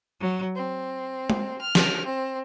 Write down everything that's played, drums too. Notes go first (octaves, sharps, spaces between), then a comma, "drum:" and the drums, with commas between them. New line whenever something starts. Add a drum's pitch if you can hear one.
F#3
C4
drum: tom G#3
F6
drum: snare
C4